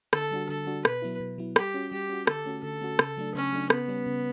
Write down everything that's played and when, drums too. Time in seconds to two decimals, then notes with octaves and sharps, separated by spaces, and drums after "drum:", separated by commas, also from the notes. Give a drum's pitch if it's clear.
0.13 D3 A4, drum: rim click
0.31 G3 D4 F#4
0.49 D3 A4
0.67 G3 D4 F#4
0.85 B2 B4, drum: rim click
1.02 F#3 B3 E4
1.20 B2
1.38 F#3 B3 E4
1.56 G3 G4, drum: rim click
1.74 C#4 F#4
1.92 G3 G4
2.09 C#4 F#4
2.27 D3 A4, drum: rim click
2.46 A3 C#4 F#4
2.63 D3 A4
2.81 A3 C#4 F#4
2.99 C#3, drum: rim click
3.17 F#3 A3 D4
3.35 C#3 C#4
3.53 F#3 A3 D4
3.70 C#3 B3, drum: rim click
3.88 G3 C#4
4.06 C#3